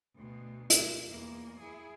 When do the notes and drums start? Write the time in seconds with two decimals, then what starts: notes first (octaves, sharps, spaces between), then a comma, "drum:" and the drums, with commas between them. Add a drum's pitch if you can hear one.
0.16 D2 B2
0.70 drum: hi-hat
1.07 E2 A#3
1.60 E4 G#4